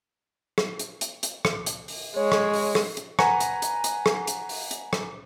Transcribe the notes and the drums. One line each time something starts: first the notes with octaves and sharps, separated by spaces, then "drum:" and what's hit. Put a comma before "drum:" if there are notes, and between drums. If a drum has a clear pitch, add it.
drum: rim click
drum: hi-hat
drum: hi-hat
drum: hi-hat
drum: rim click
drum: hi-hat
drum: open hi-hat
G#3 C#5
drum: rim click
drum: open hi-hat
drum: rim click
drum: hi-hat
B4 F#5 G#5 A#5, drum: rim click
drum: hi-hat
drum: hi-hat
drum: hi-hat
drum: rim click
drum: hi-hat
drum: open hi-hat
drum: hi-hat
drum: rim click